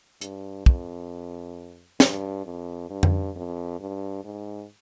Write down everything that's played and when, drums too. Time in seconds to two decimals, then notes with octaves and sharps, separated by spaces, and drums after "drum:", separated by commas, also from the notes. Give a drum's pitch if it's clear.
0.21 G2, drum: hi-hat
0.66 F2, drum: kick
2.00 G2, drum: snare
2.45 F2
2.90 G2
3.03 drum: tom F2
3.36 F2
3.80 G2
4.24 G#2